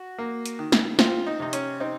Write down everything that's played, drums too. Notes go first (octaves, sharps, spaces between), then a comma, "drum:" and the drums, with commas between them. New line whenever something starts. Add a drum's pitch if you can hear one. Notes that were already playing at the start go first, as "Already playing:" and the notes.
Already playing: F#4
A#3
drum: hi-hat
D#3
drum: snare
C4 F4, drum: snare
D#4
C3 D#4
C#4, drum: hi-hat
C4 D#4